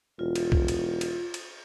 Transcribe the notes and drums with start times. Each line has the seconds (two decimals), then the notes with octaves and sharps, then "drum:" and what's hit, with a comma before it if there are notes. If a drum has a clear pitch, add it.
0.19 E1 F4
0.36 drum: cymbal
0.52 drum: kick B1
0.68 drum: cymbal
1.01 drum: cymbal
1.34 drum: cymbal